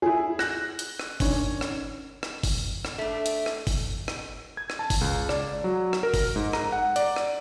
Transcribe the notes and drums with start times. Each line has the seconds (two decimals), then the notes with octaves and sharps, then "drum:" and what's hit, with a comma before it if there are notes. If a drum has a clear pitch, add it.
0.02 E4 G#4
0.39 F#6 A#6, drum: rim click
0.79 drum: hi-hat
0.99 drum: rim click
1.20 D#3 C#4 D4 C#5, drum: kick G1, open hi-hat
1.61 drum: rim click
2.23 drum: rim click
2.43 drum: kick G1, open hi-hat
2.85 drum: rim click
2.98 A3 D4
3.26 drum: hi-hat
3.46 drum: rim click
3.67 drum: kick G1, open hi-hat
4.08 drum: rim click
4.57 G#6
4.70 drum: rim click
4.79 A5
4.90 drum: kick G1, open hi-hat
5.01 C#2
5.29 D5, drum: rim click
5.64 F#3
5.93 drum: rim click
6.03 A#4
6.14 drum: kick G1, open hi-hat
6.36 G#2
6.53 A#5, drum: rim click
6.72 F#5
6.96 D5, drum: hi-hat
7.16 drum: rim click